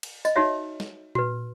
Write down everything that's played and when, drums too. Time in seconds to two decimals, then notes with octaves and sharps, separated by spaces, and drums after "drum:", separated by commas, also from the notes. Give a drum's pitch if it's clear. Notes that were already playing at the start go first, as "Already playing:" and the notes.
0.03 drum: cymbal
0.25 D#5, drum: tambourine
0.36 D#4 F#4 C#5 E5
0.80 drum: snare
1.15 F#4 B4, drum: tom A#2